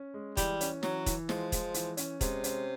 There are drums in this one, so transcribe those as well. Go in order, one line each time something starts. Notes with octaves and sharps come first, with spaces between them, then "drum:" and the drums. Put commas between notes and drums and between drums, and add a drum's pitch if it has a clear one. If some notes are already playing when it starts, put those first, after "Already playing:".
Already playing: C#4
G#3
E3 G3, drum: kick, hi-hat
C#4, drum: hi-hat
E3 F#3, drum: snare
E3, drum: kick, hi-hat
F3 G#3, drum: snare
G#3, drum: kick, hi-hat
E3, drum: hi-hat
C#4, drum: hi-hat
C3 G#3, drum: kick, hi-hat
C#4, drum: hi-hat